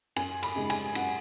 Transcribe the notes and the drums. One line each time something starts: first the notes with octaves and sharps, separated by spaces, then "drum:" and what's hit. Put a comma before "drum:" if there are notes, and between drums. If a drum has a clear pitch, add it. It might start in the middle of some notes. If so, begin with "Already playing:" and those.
F#2 G#5, drum: cymbal
B5, drum: cymbal
C#3 G#3 D#4
G#5, drum: cymbal
F#2 F#5, drum: cymbal